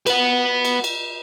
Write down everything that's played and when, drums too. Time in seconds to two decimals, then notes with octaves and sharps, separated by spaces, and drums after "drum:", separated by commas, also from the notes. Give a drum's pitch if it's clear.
0.07 B4 F#5, drum: cymbal
0.65 drum: cymbal
0.84 drum: cymbal